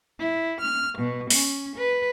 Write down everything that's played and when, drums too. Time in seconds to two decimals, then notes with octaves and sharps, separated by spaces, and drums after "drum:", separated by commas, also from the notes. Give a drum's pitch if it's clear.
0.20 E4
0.62 F6
0.98 B2
1.30 C#4, drum: open hi-hat
1.76 B4